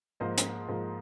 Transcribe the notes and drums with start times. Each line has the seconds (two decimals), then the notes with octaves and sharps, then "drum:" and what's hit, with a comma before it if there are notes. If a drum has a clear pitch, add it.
0.20 G#2 F3 A#3 C5 D#5
0.38 drum: hi-hat
0.68 G#2 F3 A#3